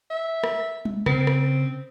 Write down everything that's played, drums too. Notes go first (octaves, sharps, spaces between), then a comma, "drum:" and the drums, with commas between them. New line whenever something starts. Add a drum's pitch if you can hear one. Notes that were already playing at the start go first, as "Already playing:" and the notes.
E5
drum: rim click
drum: tom G3
C#3 C4, drum: rim click
drum: rim click